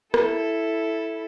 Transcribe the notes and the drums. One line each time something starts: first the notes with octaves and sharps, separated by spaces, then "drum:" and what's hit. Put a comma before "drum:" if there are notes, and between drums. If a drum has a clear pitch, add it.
E4 A4, drum: rim click